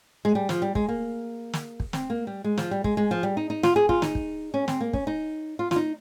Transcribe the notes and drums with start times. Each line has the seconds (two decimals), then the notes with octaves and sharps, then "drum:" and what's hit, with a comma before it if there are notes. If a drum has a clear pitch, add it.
0.25 G#3
0.35 G3
0.49 F3, drum: snare
0.62 G3
0.75 G#3, drum: kick
0.88 A#3
1.53 drum: snare
1.80 drum: kick
1.93 C4, drum: snare
2.10 A#3
2.27 G3
2.44 G#3
2.58 F3, drum: snare
2.71 G3
2.84 G#3, drum: kick
2.97 G#3
3.11 F3
3.23 G3
3.37 D#4
3.50 D#4
3.63 F4, drum: snare
3.76 G#4
3.89 F4, drum: kick
4.02 D#4, drum: snare
4.15 drum: kick
4.54 C#4
4.68 C4, drum: snare
4.80 A#3
4.93 C#4, drum: kick
5.07 D#4
5.59 F4
5.71 F4, drum: snare
5.76 D#4